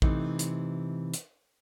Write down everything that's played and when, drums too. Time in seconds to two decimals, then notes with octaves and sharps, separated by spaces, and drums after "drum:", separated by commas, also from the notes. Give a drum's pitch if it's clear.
0.02 C3 E3 A3 D#4, drum: kick A#1
0.39 drum: hi-hat
1.14 drum: hi-hat